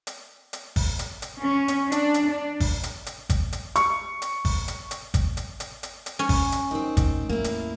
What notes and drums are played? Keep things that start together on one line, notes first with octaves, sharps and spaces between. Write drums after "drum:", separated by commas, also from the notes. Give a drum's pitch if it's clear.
drum: hi-hat
drum: hi-hat
drum: kick, open hi-hat
drum: hi-hat
drum: hi-hat
C#4
drum: hi-hat
D4, drum: hi-hat
drum: hi-hat
D4
drum: kick, open hi-hat
drum: hi-hat
drum: hi-hat
drum: kick, hi-hat
drum: hi-hat
C#6, drum: hi-hat
drum: hi-hat
drum: kick, open hi-hat
drum: hi-hat
drum: hi-hat
drum: kick, hi-hat
drum: hi-hat
drum: hi-hat
drum: hi-hat
drum: hi-hat
C#4
drum: kick, open hi-hat
drum: hi-hat
D#3 C4
A2, drum: kick, hi-hat
E2 A2 A#3 E4
drum: hi-hat